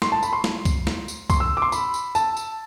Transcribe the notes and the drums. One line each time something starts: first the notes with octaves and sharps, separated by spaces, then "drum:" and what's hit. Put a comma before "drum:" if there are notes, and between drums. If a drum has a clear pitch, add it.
C6, drum: snare
A5
B5, drum: tambourine
C6
drum: snare
drum: kick C2, tambourine
drum: snare
drum: tambourine
C6, drum: kick C2, tambourine
E6
D6
C6
B5, drum: tambourine
drum: tambourine
A5, drum: tambourine
drum: tambourine